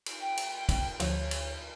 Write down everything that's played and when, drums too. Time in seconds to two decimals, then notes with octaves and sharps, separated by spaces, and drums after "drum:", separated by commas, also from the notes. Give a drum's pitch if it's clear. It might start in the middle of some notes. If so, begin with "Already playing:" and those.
0.06 drum: cymbal
0.20 G5
0.37 drum: cymbal
0.69 drum: kick, cymbal
1.00 D2 F3 C#5, drum: cymbal
1.31 drum: cymbal